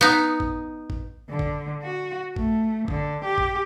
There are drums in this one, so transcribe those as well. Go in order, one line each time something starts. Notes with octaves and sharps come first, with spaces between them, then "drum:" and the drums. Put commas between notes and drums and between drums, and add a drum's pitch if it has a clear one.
B3 D#4
drum: kick
drum: kick
D3
drum: kick
F#4
A3, drum: kick
D3, drum: kick
G4
drum: kick